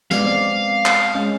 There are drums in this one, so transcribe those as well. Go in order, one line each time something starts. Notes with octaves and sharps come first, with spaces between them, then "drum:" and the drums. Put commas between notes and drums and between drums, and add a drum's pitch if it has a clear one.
G#3 B3 D5 F5, drum: snare
C4 D5
drum: clap
G#3 C#4